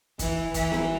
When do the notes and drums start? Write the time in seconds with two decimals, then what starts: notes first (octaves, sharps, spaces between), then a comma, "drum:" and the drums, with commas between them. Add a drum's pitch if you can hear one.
0.19 E3, drum: kick, hi-hat
0.54 E3, drum: kick, hi-hat
0.72 drum: snare B3